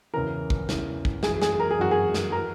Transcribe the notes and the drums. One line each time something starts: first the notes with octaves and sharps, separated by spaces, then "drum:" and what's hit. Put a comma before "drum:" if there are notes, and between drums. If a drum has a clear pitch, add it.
E2 C#3 E3 A#4
drum: kick
E2 C#3 E3, drum: snare
drum: kick
F#2 E3 G#4, drum: snare
G#4, drum: snare
A#4
G#4
F#2 E3 F#4
G#4
drum: snare
E3 A#4